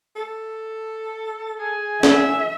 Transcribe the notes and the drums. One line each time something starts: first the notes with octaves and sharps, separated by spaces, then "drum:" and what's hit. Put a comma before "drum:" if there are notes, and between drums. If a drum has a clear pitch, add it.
A4
G#4 G#5
E5, drum: snare